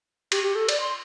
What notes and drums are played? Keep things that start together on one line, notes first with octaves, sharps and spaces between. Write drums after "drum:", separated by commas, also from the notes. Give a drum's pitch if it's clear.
G4, drum: cymbal
G4
A4
D5, drum: cymbal
C6